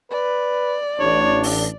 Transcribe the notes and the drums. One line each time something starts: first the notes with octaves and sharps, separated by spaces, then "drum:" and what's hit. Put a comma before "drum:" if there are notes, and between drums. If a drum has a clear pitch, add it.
B4 D5
A1 D4 C#5
drum: open hi-hat